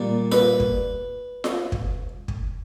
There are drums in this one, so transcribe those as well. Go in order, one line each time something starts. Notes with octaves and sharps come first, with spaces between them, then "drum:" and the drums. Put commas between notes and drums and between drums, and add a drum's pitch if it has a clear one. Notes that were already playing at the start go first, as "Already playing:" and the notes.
Already playing: A#2 G3 A#3
B4, drum: snare F4
drum: kick
drum: snare F4
drum: kick
drum: kick